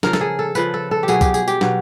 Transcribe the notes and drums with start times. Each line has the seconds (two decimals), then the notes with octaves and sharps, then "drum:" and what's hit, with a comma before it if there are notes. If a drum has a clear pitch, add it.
0.03 C#3 F3 A#4, drum: snare
0.13 A4, drum: snare
0.21 G#4
0.39 A4
0.55 C#3 F3 B4, drum: tambourine
0.74 A4
0.91 A4
1.03 G4
1.08 B2 F#3 G#4, drum: tambourine
1.21 G4, drum: kick, tambourine
1.34 G#4, drum: tambourine
1.48 G4, drum: tambourine
1.61 B2 F#3, drum: snare